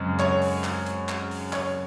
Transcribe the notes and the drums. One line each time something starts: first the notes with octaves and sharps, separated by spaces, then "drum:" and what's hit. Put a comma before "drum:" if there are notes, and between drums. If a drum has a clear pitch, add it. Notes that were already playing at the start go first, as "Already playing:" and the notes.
Already playing: F#2 C#3 G#3 C4
C#5, drum: clap
drum: open hi-hat
drum: clap
drum: hi-hat
drum: clap
drum: open hi-hat
C#5, drum: clap